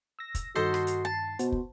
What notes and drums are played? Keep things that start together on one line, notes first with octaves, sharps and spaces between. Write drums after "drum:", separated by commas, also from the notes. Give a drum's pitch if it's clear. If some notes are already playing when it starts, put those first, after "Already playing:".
E6 A#6
drum: kick, hi-hat
G2 D#3 F#4 A4 C5 D#5 C7
drum: rim click
drum: hi-hat
A5
B2 B3 F#4 C5, drum: hi-hat
drum: kick